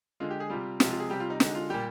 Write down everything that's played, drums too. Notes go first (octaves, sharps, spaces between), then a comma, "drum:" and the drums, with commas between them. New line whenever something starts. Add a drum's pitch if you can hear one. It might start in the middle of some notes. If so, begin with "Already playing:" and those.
D3 G#3 F4
G4
G#4
C3 G3 F4
C3 F3 G#3 F4, drum: snare
F4
G#4
C3 G3 G4
F4
D#4
D3 G#3 D#4, drum: snare
F4
A#2 G3 G4